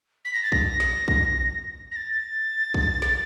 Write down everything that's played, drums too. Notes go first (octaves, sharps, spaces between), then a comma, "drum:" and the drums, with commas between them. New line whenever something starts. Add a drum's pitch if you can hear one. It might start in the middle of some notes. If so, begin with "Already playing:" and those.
B6
A#6
A6
A#6, drum: kick
drum: snare
drum: kick
A#6
A6
drum: kick
drum: snare